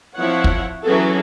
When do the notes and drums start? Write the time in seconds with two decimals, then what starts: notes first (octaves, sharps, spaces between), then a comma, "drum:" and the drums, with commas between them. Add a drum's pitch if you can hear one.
0.16 F3 C4 E4 C#5 F#5
0.44 drum: kick
0.84 E3 F#3 C#4 F#4 G#4 A4